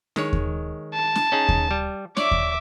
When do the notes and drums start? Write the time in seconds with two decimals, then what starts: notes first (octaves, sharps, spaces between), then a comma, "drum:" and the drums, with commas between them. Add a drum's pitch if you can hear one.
0.16 D#3 G#3 C#5, drum: snare
0.33 drum: kick D#2
0.94 A5
1.15 drum: snare
1.32 C#4 D#4 G#4
1.49 drum: kick D#2
1.71 G3
2.17 C#5 D5 E5 D6, drum: snare
2.31 drum: kick D#2